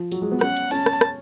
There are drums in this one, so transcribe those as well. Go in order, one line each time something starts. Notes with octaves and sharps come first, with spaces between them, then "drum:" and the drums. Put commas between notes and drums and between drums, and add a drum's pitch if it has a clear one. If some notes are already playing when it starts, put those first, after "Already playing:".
Already playing: F3
F#3, drum: open hi-hat
G#3
B3
C#4 F#5, drum: rim click
drum: hi-hat
C#4 A5, drum: open hi-hat
drum: rim click
drum: rim click